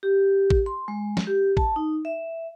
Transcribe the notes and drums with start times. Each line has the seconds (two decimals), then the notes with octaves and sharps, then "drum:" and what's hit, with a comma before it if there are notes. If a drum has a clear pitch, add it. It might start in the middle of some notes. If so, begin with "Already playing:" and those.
0.03 G4
0.50 drum: kick
0.66 C6
0.88 G#3
1.17 drum: snare
1.27 G4
1.57 A5, drum: kick
1.76 D#4
2.05 E5